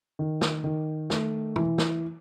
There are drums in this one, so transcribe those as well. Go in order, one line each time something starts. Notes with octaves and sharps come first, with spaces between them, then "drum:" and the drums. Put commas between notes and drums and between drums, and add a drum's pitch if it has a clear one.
D#3
drum: snare
D#3
A3, drum: snare
E3, drum: tom
drum: snare